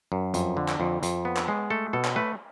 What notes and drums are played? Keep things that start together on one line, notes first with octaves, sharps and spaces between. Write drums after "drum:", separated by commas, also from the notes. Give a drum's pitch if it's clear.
F#2
F2, drum: hi-hat
D3
drum: clap
F2
F2, drum: hi-hat
B3
drum: clap
G#3
A3 A4
B2 A4
drum: clap
A3 B4